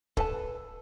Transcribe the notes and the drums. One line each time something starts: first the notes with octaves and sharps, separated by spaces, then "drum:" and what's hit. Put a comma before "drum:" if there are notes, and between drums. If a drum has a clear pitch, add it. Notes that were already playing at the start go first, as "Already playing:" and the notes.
A4 B4 A5, drum: kick